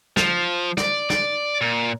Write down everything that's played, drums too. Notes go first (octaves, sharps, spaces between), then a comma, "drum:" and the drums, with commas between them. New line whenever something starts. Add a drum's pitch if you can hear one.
F3, drum: snare
D5, drum: snare
D5, drum: snare
A#2